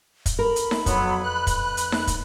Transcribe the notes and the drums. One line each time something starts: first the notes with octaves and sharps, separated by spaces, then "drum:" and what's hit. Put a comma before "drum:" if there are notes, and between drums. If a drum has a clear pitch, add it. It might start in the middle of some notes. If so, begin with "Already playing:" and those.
drum: kick, hi-hat
A#4 B5
drum: hi-hat
drum: snare D#4
F2 F#3 B3, drum: kick, hi-hat
B4 F#6
drum: kick, hi-hat
drum: hi-hat
drum: snare D#4
drum: kick, hi-hat